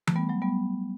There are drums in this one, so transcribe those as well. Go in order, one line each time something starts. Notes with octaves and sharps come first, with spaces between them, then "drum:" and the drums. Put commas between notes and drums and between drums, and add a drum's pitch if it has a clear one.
A3, drum: tom E3
G3 B3
F#3 A3
G3 B3